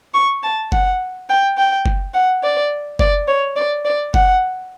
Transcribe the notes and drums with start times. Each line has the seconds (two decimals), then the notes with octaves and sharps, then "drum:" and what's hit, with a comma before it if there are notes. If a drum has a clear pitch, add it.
0.14 C#6
0.43 A5
0.72 F#5, drum: kick F#1
1.29 G5
1.58 G5
1.86 drum: kick F#1
2.14 F#5
2.43 D5
2.99 D5, drum: kick F#1
3.28 C#5
3.56 D5
3.85 D5
4.14 F#5, drum: kick F#1